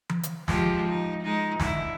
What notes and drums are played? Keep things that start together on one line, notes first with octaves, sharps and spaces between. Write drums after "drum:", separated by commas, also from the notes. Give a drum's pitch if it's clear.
drum: tom E3
drum: hi-hat
F3 G#3 G4, drum: snare
D#4
G#3 D#4
D3 E4, drum: snare